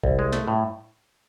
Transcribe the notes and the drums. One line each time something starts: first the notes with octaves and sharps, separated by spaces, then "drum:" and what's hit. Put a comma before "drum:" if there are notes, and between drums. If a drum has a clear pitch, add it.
C2, drum: kick G#1
G#3
A3, drum: snare
A2